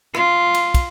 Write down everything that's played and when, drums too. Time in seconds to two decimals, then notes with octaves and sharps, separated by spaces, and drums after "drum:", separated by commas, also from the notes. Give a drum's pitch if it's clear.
0.15 F4, drum: rim click
0.54 drum: cymbal
0.74 drum: kick, cymbal